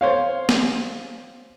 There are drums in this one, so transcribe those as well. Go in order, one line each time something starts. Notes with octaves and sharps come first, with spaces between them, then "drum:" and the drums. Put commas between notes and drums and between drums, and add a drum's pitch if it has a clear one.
C5 C#5 F5
drum: snare